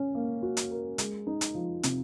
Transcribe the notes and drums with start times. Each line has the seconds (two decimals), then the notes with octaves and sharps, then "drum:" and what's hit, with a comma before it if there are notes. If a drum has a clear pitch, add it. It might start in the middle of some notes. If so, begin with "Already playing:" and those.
Already playing: C#4
0.15 A#3
0.43 F#4
0.57 drum: hi-hat
0.71 A#4
0.98 G#3, drum: hi-hat
1.27 D#4
1.41 drum: hi-hat
1.55 F3
1.83 C3, drum: hi-hat